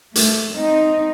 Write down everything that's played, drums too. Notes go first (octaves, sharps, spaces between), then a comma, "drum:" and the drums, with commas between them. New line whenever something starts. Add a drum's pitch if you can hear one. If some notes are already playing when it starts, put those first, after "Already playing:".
A3, drum: hi-hat
C4 D#4